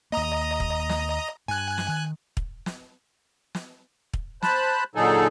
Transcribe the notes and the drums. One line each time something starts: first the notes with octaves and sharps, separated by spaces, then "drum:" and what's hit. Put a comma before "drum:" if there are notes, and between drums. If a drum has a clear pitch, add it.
D#2 A#3 D#5 A#5 D#6
drum: kick
drum: snare
G2 G#5 F#6
drum: snare
D#3
drum: kick
drum: snare
drum: snare
drum: kick
C5 A5 B5 F#6, drum: snare
A#2 D3 F#3 D#4 G#4 A4